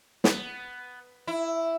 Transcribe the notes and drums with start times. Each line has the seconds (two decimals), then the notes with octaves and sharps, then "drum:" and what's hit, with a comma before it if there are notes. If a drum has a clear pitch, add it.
0.24 B3, drum: snare
1.27 E4